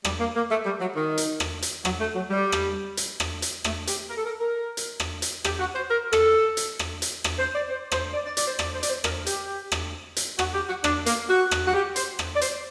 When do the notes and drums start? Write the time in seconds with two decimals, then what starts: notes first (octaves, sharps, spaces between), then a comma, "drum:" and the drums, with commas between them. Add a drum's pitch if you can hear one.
0.05 G3, drum: rim click
0.20 A#3
0.36 A#3
0.50 A3
0.65 G3
0.80 F#3
0.95 D#3
1.18 drum: hi-hat
1.40 drum: rim click
1.62 drum: hi-hat
1.85 F#3, drum: rim click
2.00 A3
2.15 F#3
2.30 G3
2.52 drum: rim click
2.97 drum: hi-hat
3.20 drum: rim click
3.42 drum: hi-hat
3.64 A3, drum: rim click
3.87 G4, drum: hi-hat
4.10 A#4
4.17 A4
4.25 A#4
4.40 A#4
4.77 drum: hi-hat
5.00 drum: rim click
5.22 drum: hi-hat
5.44 G4, drum: rim click
5.60 F#4
5.75 C5
5.90 A#4
6.13 A4, drum: rim click
6.57 drum: hi-hat
6.79 drum: rim click
7.02 drum: hi-hat
7.24 drum: rim click
7.39 C5
7.55 D5
7.69 C5
7.92 C5, drum: rim click
8.14 D5
8.26 D5
8.37 D5, drum: hi-hat
8.48 C5
8.59 D5, drum: rim click
8.74 C5
8.83 D5, drum: hi-hat
8.89 C5
9.04 A#4, drum: rim click
9.27 G4, drum: hi-hat
9.72 drum: rim click
10.17 drum: hi-hat
10.39 F#4, drum: rim click
10.54 G4
10.69 F#4
10.84 D4, drum: rim click
11.06 A#3, drum: hi-hat
11.29 F#4
11.51 drum: rim click
11.68 F#4
11.74 G4
11.96 C5, drum: hi-hat
12.19 drum: rim click
12.36 D5
12.41 C5, drum: hi-hat